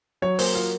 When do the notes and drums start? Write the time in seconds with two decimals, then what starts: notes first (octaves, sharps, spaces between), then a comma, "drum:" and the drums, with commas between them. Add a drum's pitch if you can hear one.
0.22 F#3 C#5
0.39 A#3 C5, drum: open hi-hat
0.55 A#3 F4